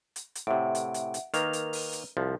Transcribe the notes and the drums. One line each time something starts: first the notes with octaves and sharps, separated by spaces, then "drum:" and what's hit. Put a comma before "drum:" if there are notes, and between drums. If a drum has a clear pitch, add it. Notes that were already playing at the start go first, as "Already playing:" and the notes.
drum: hi-hat
drum: hi-hat
A2 C3 E5 F#5 D7
drum: hi-hat
drum: hi-hat
drum: hi-hat
D#3 A#3 B4 F7, drum: hi-hat
drum: hi-hat
drum: open hi-hat
drum: hi-hat
C2 F3